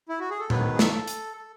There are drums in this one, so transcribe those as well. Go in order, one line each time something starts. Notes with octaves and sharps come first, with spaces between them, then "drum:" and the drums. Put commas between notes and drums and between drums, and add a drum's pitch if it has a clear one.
E4
F#4
G#4
A4
G#2 D#3 F#3 B3 B4, drum: tom A#2
G#4
A4, drum: snare
drum: hi-hat
A4